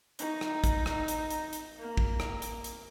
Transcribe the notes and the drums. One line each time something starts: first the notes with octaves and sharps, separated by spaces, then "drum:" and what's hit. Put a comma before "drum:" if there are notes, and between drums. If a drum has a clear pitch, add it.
D#4, drum: hi-hat
drum: rim click
drum: kick, hi-hat
drum: rim click
drum: hi-hat
drum: hi-hat
drum: hi-hat
A#3
drum: kick
drum: rim click
drum: hi-hat
drum: hi-hat